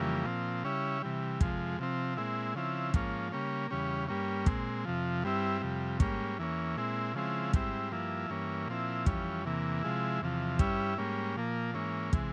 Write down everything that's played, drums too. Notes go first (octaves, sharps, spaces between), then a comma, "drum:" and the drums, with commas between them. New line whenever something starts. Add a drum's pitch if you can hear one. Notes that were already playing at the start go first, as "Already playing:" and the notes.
Already playing: F2 C#3 E3 G3 A#3
A#2 F3 C4
C#3 G3 C#4 E4
C3 E3 G3
F2 C3 F3 G#3, drum: kick
C3 F3 C4
A#2 G#3 C4 E4
C#3 F3 C4 E4
G#2 F3 A#3 C#4, drum: kick
C#3 G3 A#3 C#4
E2 C#3 G3 C#4
G2 G3 A#3 C#4
A#2 G#3 C4, drum: kick
F2 C3 F3
G2 G3 C4 E4
F2 C3 G3
G#2 G3 A#3 C#4, drum: kick
E2 E3 A#3 C#4
A#2 G#3 C4 E4
C#3 F3 G#3 C4 E4
G#2 G3 C4 E4, drum: kick
G2 F3 A#3 E4
G2 E3 A#3 C#4
A#2 F3 C4 E4
F2 E3 G3 C#4, drum: kick
E2 C3 E3 A#3
C3 F3 G#3 E4
E2 C3 F3
G2 G3 C#4 E4, drum: kick
G#2 G3 A#3 C#4
A#2 F3 A#3
G#2 E3 A#3 C#4
C3 E3 G#3, drum: kick